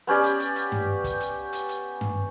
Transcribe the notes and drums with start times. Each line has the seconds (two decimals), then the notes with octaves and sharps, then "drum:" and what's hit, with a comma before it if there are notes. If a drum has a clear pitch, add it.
0.07 B3 C#4 G4 D5
0.23 drum: hi-hat
0.40 drum: hi-hat
0.56 drum: hi-hat
0.72 drum: tom G2
1.04 drum: kick, hi-hat
1.20 drum: hi-hat
1.53 drum: hi-hat
1.69 drum: hi-hat
2.01 drum: tom G2